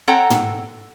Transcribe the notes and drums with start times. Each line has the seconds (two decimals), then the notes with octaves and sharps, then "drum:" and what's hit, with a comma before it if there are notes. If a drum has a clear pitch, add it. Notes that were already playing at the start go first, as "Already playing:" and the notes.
0.08 C4 A4 C#5 F#5 G5 A#5
0.30 drum: tom